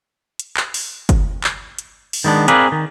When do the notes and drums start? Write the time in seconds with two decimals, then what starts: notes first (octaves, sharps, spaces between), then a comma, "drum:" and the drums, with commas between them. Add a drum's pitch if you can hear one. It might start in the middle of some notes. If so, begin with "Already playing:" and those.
0.39 drum: hi-hat
0.57 drum: clap
0.74 drum: open hi-hat
1.09 drum: kick F#1, hi-hat
1.44 drum: clap
1.79 drum: hi-hat
2.13 drum: open hi-hat
2.24 D#3 G#3 B3 D4
2.48 C4 G#4 A#4 B4 D5 F5, drum: hi-hat
2.72 D#3